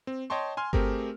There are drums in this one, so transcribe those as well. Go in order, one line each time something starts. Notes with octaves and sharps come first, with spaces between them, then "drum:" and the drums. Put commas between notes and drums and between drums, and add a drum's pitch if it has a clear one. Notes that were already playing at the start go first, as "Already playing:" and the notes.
C4
C#5 D#5 G5 A5 C6 C#6
G#5 C6 F6
A3 C4 G4 G#4 A#4, drum: kick G1